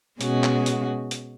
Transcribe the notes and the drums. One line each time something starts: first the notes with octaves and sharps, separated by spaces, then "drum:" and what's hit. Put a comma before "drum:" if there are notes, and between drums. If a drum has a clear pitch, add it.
B2 G#3 C#4 F#4, drum: hi-hat
drum: clap
drum: hi-hat
drum: hi-hat